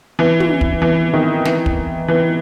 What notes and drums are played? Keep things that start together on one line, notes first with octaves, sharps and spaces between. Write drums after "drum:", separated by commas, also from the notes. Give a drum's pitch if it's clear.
E3
drum: tom
drum: kick
E3
D#3
E3, drum: snare
drum: kick
E3